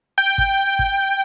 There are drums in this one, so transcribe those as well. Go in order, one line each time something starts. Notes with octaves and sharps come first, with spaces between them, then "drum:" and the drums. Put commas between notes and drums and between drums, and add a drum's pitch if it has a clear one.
G5
drum: kick
drum: kick